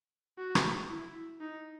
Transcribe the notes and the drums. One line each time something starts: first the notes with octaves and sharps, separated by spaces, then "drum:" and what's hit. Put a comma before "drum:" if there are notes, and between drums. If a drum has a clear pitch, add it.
F#4
drum: rim click
E4
D#4